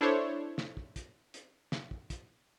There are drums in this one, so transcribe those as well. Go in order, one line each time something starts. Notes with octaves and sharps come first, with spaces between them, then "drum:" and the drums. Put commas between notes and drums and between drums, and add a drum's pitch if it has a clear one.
D4 E4 A4 C5 C#5
drum: snare
drum: kick
drum: kick, hi-hat
drum: hi-hat
drum: snare
drum: kick
drum: kick, hi-hat